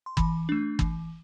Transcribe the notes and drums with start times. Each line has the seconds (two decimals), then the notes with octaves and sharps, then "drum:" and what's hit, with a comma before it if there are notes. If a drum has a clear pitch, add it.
0.06 C6
0.17 E3 B5, drum: kick G1
0.49 A3 D4
0.79 E3, drum: kick G1